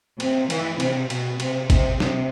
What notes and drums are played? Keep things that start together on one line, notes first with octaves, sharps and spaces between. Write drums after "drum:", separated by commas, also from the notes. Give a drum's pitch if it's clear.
C3, drum: cymbal
E3, drum: cymbal
C3, drum: cymbal
B2, drum: cymbal
C3, drum: cymbal
C3, drum: kick A1, cymbal
C3, drum: snare